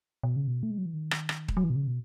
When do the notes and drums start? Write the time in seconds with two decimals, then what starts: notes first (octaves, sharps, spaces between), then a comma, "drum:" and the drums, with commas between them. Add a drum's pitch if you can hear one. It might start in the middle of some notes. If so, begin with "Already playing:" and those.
0.23 B2
0.36 C#3
0.47 B2
0.63 A3
0.71 G#3
0.78 F#3
0.86 E3
0.94 D#3
1.11 drum: rim click
1.29 drum: rim click
1.48 G#3, drum: kick D#1
1.57 F#3
1.64 E3
1.70 B2
1.76 C#3
1.87 B2